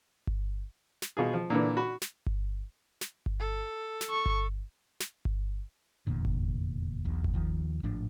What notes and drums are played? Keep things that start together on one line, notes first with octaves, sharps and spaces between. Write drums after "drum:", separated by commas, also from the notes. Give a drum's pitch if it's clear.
drum: kick G1
drum: snare
B2 F4 G#4
F3
A#2 D3 E3
F#4 B5
drum: snare
drum: kick G1
drum: snare
drum: kick G1
A4
drum: snare
C#6
drum: kick G1
drum: snare
drum: kick G1
F1 E2 A#2 D3
drum: kick G1
E1 B1 E2 B2
drum: kick G1
D#2 D#3 F3
G#1 A2 F3 D4